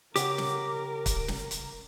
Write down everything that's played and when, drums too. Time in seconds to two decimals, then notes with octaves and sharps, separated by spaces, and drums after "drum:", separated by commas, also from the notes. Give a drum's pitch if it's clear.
0.16 C#3 G4 A#4 C#5 F#5 D6, drum: hi-hat
0.38 drum: snare
1.06 drum: kick, hi-hat
1.28 drum: snare
1.51 drum: hi-hat